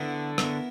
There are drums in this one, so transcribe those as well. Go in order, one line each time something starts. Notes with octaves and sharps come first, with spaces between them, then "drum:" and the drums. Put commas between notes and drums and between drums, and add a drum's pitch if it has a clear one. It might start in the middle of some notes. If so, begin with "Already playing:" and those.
Already playing: D3 B3 E4 A#4 C#5
B3 E4 A#4 C#5, drum: rim click